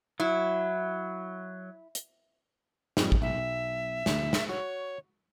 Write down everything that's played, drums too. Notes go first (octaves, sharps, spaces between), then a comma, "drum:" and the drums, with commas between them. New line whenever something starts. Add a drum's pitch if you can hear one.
F#3 E4
drum: hi-hat
F2 G#2 G3, drum: snare
drum: kick
B1 E5
D2, drum: snare
drum: snare
F#4 C#5